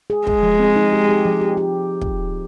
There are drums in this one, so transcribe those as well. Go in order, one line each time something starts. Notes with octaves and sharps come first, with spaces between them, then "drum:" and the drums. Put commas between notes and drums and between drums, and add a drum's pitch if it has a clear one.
G#4
G#3 G#4, drum: kick
F3
C4
D#4
G4
G4
F3
G4
G4
drum: kick